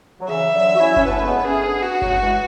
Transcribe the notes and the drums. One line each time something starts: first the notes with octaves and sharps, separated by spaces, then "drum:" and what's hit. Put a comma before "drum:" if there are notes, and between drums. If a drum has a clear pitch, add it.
F#3
C#3 E3 E5
D3 F#3
F#4
C#4 E4
C#4, drum: kick G1
B3 D4 B4
A3
G#3 B3
A3 C#4 G#4
B3 D4
F#4
F#3 A3, drum: kick G1
E3 G#3